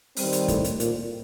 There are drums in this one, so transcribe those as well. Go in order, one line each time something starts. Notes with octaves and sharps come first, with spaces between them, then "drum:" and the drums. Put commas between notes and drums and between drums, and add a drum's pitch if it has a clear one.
D#3 G3 C4, drum: open hi-hat
drum: hi-hat
A2, drum: kick, hi-hat
drum: hi-hat
A#2, drum: hi-hat